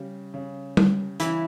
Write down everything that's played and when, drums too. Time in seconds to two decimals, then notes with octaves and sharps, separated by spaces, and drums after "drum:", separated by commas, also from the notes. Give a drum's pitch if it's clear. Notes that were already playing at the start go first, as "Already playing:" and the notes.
Already playing: C#3 G3
0.34 C#3
0.77 G3, drum: tom
1.20 C#3 E3 E4, drum: hi-hat